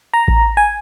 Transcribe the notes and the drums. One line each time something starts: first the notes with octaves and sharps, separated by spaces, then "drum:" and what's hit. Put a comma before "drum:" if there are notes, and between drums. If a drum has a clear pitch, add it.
A#5
drum: kick A1
G#5